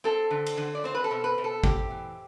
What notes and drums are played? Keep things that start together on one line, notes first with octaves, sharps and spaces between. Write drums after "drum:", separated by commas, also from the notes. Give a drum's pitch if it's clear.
C4 A4
D3
drum: cymbal
D3
D5
C4 C5
B4
A4
B2
B4
B2
A4
C4 G4, drum: kick G#1
E3